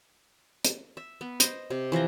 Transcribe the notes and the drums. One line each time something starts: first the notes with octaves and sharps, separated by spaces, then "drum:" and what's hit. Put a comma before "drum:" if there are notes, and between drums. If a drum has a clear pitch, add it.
drum: hi-hat
E5
B3
C5 D#5, drum: hi-hat
C3
E3 F3 F4 A#5